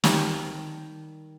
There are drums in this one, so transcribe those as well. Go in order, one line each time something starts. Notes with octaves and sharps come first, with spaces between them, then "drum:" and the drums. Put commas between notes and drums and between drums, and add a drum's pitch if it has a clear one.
D#3 G3 A5, drum: snare